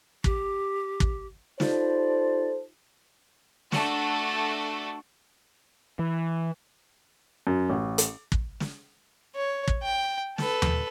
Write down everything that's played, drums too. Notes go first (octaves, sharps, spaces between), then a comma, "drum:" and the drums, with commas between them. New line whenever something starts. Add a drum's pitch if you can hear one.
G4, drum: kick
drum: kick
D#4 F4 G4 A4 C5 D5, drum: snare
A3 D4 F#4 A4, drum: snare
E3
F#2
A1
drum: hi-hat
drum: kick
drum: snare
C#5
drum: kick
G5
A4 B4, drum: snare
drum: tom D#2